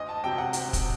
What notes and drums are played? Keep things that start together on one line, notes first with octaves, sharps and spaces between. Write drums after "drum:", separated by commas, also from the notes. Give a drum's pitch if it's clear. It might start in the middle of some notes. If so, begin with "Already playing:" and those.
Already playing: D2 D#5
A5
C3 F#3 G5
F#5
D2, drum: hi-hat
drum: kick, hi-hat